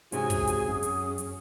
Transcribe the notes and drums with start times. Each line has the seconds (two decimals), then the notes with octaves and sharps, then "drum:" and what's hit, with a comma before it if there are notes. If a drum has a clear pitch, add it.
0.12 G#2 C3 C#4 F#4 G#4 G#5, drum: hi-hat
0.30 drum: kick, hi-hat
0.47 drum: hi-hat
0.68 F#2 C#4
0.83 drum: hi-hat
1.18 drum: hi-hat